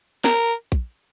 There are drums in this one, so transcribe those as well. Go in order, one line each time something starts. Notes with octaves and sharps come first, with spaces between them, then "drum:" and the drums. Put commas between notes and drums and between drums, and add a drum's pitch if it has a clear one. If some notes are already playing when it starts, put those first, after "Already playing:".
A#4, drum: snare
drum: kick A#1